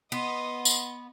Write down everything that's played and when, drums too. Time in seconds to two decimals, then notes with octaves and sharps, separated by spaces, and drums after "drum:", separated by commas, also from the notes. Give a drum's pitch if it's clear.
0.12 B3 D#5 C6
0.65 drum: tambourine